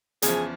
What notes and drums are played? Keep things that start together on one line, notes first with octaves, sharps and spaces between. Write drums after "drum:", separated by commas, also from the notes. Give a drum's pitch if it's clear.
E2 C#3 F3 G#4, drum: hi-hat